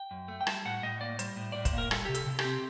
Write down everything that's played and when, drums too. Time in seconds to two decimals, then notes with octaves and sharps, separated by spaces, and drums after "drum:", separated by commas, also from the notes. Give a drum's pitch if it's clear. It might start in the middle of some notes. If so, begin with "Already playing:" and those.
Already playing: G5
0.11 F#2
0.28 A3
0.41 G5
0.47 G3 A5, drum: rim click
0.65 A2 F#5
0.83 A2 D#5
1.01 A#3 D5
1.19 G3 C5, drum: hi-hat
1.36 A2
1.52 A2 D5
1.65 C5, drum: kick, hi-hat
1.73 A#3
1.78 A#4
1.91 G3 A4, drum: rim click
2.05 C3 G4
2.14 A4, drum: hi-hat
2.26 C3
2.39 G4, drum: rim click
2.45 C4